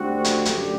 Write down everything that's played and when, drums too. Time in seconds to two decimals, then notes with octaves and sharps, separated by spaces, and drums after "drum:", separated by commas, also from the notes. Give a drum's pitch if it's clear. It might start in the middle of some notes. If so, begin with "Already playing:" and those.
Already playing: D2 D3 G3 C4 F#4
0.24 drum: hi-hat
0.45 F#2 D3 A3 D4 G4, drum: hi-hat